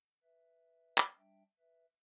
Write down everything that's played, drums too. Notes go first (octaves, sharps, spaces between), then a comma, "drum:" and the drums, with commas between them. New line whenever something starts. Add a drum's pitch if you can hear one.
B4 E5
drum: clap
G3 D4 E5 G5
B4 E5